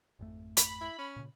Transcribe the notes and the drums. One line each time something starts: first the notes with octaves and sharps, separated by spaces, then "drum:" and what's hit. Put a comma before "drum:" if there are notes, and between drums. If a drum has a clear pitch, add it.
G#1 F2 A3
B5, drum: hi-hat
E4
C#4
A#2 C#3